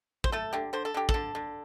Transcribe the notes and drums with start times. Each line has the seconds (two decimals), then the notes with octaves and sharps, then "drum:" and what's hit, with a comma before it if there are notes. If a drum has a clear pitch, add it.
0.24 C5, drum: kick
0.32 A3 A4
0.53 D3 G4
0.73 D3 C5
0.85 A4
0.94 D3 G4
1.09 A4, drum: kick
1.14 D3
1.35 D3